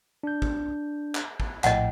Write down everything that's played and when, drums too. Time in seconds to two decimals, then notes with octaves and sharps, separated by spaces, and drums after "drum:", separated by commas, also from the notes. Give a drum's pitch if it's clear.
0.23 D4 G6
0.42 drum: kick G#1
1.15 drum: clap
1.40 drum: kick G#1
1.64 A#1 A2 D#5 F#5 G5, drum: clap